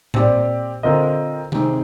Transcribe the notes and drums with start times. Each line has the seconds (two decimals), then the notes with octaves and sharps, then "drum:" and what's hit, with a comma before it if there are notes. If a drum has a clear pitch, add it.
0.14 A#2 C4 G4 D5, drum: tom A2
0.83 D3 C4 F4 A#4 D#5
1.52 C3 G#3 C4 D#4 G4, drum: tom D#3